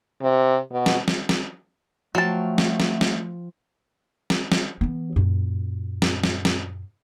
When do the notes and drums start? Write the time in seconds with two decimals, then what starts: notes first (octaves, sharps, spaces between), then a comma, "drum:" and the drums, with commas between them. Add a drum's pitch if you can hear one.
0.22 C3
0.72 B2
0.86 drum: snare
1.08 drum: snare
1.29 drum: snare
2.15 F3 F#3 A3 F5 G5 A5
2.58 drum: snare
2.80 drum: snare
3.01 drum: snare
4.30 drum: snare
4.52 drum: snare
4.81 E3 B3
5.16 F#2 A#2
6.02 drum: snare
6.24 drum: snare
6.45 drum: snare